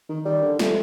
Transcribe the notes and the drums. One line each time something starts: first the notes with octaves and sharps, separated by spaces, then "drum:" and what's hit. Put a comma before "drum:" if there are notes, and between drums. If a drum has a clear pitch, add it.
D#3
D#3 G3
D3
F3 A3, drum: snare